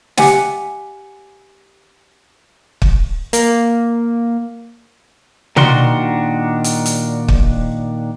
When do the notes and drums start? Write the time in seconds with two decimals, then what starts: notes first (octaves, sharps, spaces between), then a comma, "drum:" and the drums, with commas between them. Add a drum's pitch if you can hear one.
0.17 G4 E5 F#5 G#5, drum: snare
2.82 drum: kick
3.33 A#3, drum: hi-hat
5.57 A#2 D#3 D4 F#4 C6, drum: tom
6.64 drum: hi-hat
6.86 drum: hi-hat
7.28 drum: kick